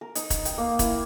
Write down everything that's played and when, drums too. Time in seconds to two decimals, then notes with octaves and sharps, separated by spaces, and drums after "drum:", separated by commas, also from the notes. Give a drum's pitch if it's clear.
0.01 A#4
0.15 D#4, drum: hi-hat
0.30 drum: kick, hi-hat
0.45 G5, drum: hi-hat
0.58 A#3
0.79 E4, drum: kick, hi-hat